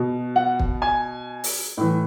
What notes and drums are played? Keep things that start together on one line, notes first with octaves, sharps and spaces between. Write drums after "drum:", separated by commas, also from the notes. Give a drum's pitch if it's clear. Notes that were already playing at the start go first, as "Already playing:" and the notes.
Already playing: B2
F#5
drum: kick
G#5
drum: open hi-hat
A2 E3